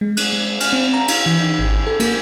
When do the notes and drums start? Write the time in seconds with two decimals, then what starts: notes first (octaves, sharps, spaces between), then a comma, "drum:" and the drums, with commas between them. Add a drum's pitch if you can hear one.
0.01 G#3
0.17 F#6, drum: cymbal
0.33 G#3
0.60 F6, drum: cymbal
0.73 C4
0.93 A#5
1.08 F5, drum: cymbal
1.26 E3
1.40 D#4
1.59 G#1
1.87 A4
2.00 A#3, drum: cymbal